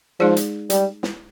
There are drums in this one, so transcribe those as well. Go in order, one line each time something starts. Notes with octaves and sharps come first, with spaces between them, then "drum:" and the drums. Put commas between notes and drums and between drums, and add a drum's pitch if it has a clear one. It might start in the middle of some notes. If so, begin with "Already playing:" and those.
F3 G#3 D#4 G#4 D5
drum: hi-hat
G3, drum: hi-hat
drum: snare